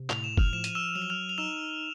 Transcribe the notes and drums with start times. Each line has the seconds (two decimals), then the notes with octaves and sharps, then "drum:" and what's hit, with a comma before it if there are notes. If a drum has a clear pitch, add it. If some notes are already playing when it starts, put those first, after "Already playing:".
Already playing: C3
0.10 A2 F7, drum: clap
0.24 E7
0.37 F6 F7, drum: kick F#1
0.53 F3 E7
0.64 D#7, drum: hi-hat
0.75 E6 E7
0.95 F#3 F7
1.02 E7
1.10 F6 F7
1.29 F7
1.38 D#4 E6 E7